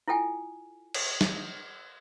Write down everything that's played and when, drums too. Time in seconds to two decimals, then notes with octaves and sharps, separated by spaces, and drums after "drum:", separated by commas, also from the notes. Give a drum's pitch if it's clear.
0.08 E4 F4 A4 G5 G#5
0.94 drum: cymbal
1.21 drum: snare